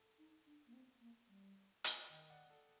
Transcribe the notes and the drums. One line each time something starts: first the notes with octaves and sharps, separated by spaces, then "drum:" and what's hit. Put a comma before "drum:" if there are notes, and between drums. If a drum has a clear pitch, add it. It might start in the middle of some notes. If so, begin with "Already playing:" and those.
Already playing: A4
D#4
D4
A#3
C4
A#3
G3
drum: hi-hat
D#3 D#5 G5
D5 F#5
A4